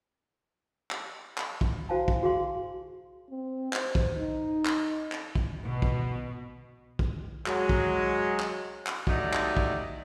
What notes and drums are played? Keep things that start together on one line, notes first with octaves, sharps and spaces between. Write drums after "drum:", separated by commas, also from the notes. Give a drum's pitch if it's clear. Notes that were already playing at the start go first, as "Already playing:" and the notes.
drum: clap
drum: clap
drum: kick
E4 F#4 C5 F5 G#5 A5
drum: kick
F#4 G#4 F5 C6
C4
C5, drum: clap
drum: kick
D#4
drum: clap
drum: clap
drum: kick
B2
drum: kick
drum: kick
F#3 G#3, drum: clap
drum: kick
drum: clap
drum: clap
F#3 G3 A3 D#4 D5 D#5, drum: kick
drum: clap
drum: kick